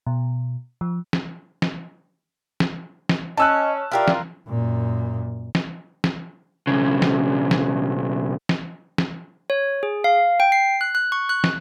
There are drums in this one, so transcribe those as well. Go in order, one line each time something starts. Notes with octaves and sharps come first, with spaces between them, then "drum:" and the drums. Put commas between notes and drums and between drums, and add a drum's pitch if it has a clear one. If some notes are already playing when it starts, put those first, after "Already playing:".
B2
F3
drum: snare
drum: snare
drum: snare
drum: snare
C#4 D#5 A5 E6 F#6
E4 F4 G4 A#4 D5
drum: snare
F#2 A#2
drum: snare
drum: snare
B1 C#3
drum: snare
drum: snare
drum: snare
drum: snare
C#5
G#4
F5
G5
C7
F#6
F#6
C#6
F#6
drum: snare